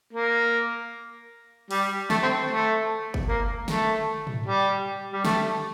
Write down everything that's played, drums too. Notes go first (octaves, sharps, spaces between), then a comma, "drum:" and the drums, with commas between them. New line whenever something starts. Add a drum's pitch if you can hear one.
A#3
G3, drum: open hi-hat
A3, drum: snare
C4
A3
drum: kick
A#3
A3, drum: snare
drum: tom
G3
G3
A3, drum: snare